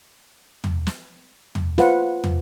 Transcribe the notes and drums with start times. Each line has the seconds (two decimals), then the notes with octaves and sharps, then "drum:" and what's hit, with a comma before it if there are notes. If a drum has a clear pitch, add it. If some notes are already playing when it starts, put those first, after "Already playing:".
0.64 drum: tom
0.87 drum: snare
1.55 drum: tom
1.78 F4 B4 C5 F#5, drum: snare
2.24 drum: tom